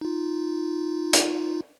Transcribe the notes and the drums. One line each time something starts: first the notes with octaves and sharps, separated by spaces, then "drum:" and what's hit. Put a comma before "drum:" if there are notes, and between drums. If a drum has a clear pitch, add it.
D#4 F4
drum: hi-hat